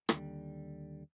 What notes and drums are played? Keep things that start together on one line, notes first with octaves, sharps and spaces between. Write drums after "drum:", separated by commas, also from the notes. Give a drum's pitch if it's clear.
D#2 D3 G3, drum: rim click